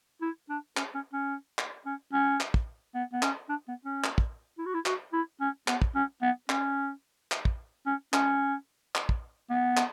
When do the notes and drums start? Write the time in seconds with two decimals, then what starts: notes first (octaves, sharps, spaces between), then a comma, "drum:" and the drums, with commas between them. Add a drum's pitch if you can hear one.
0.22 E4
0.50 D4
0.77 C#4, drum: clap
0.95 C#4
1.13 C#4
1.59 drum: clap
1.86 C#4
2.13 C#4
2.40 drum: clap
2.54 drum: kick
2.95 B3
3.13 B3
3.23 C#4, drum: clap
3.49 D4
3.68 B3
3.85 C#4
4.04 drum: clap
4.18 drum: kick
4.58 E4
4.66 F#4
4.74 E4
4.86 F#4, drum: clap
5.13 E4
5.41 C#4
5.68 B3, drum: clap
5.82 drum: kick
5.95 C#4
6.22 B3
6.50 C#4, drum: clap
7.32 drum: clap
7.45 drum: kick
7.86 C#4
8.14 C#4, drum: clap
8.95 drum: clap
9.09 drum: kick
9.50 B3
9.77 drum: clap